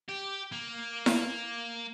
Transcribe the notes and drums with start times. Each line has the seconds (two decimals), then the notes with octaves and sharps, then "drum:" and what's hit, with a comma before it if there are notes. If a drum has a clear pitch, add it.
0.09 G4
0.52 A#3
1.06 drum: snare E4